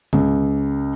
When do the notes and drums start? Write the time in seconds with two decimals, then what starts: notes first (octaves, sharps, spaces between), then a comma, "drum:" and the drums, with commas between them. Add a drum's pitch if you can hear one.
0.13 C#2, drum: tom D3